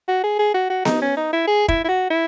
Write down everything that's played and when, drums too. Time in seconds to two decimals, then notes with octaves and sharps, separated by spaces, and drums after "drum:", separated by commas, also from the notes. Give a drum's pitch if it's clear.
0.08 F#4
0.24 G#4
0.39 G#4
0.54 F#4
0.70 F#4
0.85 D#4, drum: snare B3
1.02 C#4
1.17 D#4
1.33 E4
1.48 G#4
1.68 E4, drum: kick
1.85 E4
1.89 F#4
2.10 E4